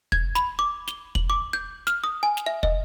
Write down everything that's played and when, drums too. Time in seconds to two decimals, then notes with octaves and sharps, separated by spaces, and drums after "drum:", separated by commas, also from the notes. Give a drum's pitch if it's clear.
0.12 G#6, drum: kick
0.35 B5, drum: snare
0.59 D6
0.88 G7, drum: snare
1.15 F#7, drum: kick
1.30 D6
1.53 G6
1.87 F6, drum: snare
2.04 D#6
2.23 G#5
2.37 drum: snare
2.46 E5
2.63 D#5, drum: kick